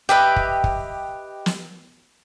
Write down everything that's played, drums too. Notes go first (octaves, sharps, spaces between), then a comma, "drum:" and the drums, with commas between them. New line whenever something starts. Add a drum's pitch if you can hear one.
G4 B4 D#5 E5 G5
drum: kick
drum: kick
drum: snare